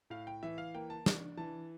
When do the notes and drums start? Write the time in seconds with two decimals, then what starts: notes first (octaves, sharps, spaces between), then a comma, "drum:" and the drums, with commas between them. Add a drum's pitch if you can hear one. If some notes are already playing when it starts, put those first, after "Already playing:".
0.10 A2 F5
0.27 G5
0.43 E3 E5
0.58 F5
0.75 A#3 G5
0.90 A5
1.06 D4, drum: snare
1.37 E3 A5